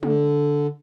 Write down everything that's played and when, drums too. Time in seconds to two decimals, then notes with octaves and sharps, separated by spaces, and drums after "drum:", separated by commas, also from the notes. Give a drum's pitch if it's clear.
0.03 D3, drum: tom G#3